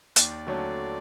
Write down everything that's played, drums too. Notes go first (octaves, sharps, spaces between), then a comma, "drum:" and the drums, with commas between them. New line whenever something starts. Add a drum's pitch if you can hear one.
D#2 D5, drum: hi-hat
D3 F#3 A3 C#4